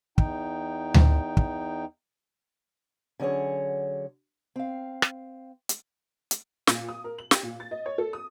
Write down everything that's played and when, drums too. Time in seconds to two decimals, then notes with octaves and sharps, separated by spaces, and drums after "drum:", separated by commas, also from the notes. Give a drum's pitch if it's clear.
0.18 E2 D#4 G5, drum: kick
0.94 drum: tom D2
1.37 drum: kick
3.20 D3 F#3 C#4 G#4 C#5
4.56 C4 F5
5.02 drum: rim click
5.69 drum: hi-hat
6.31 drum: hi-hat
6.67 A#2, drum: snare
6.88 D#6
7.04 A#4
7.18 F#7
7.31 G4, drum: snare
7.43 A#2
7.60 A6
7.71 D#5
7.86 C#5
7.98 A4
8.13 D#6